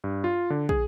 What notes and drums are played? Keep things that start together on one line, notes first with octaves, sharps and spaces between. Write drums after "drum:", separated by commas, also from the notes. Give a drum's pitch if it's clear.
G2
F4
D3
G#4, drum: kick